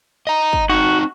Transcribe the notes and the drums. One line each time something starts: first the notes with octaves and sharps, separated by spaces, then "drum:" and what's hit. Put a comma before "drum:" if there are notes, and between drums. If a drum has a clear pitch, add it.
D#5 A#5
drum: kick
C4 D#4 F#4